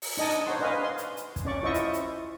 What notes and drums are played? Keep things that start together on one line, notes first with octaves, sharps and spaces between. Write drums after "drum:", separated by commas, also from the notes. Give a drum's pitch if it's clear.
drum: open hi-hat
D4 D#4 D#5 G#5 A5
C5 C#5 F#5 C6
D4 B4 D#5 F5 G#5
C6
drum: hi-hat
drum: hi-hat
drum: kick, hi-hat
C#4 D5 C#6
E4 F4 C5 D#5 E5 C#6
drum: hi-hat
drum: hi-hat